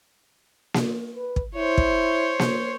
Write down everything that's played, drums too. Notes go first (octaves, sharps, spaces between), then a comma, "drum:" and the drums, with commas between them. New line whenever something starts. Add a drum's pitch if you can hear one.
drum: snare A#3
B4
drum: kick
E4 C5 C#5
drum: kick
drum: snare A#3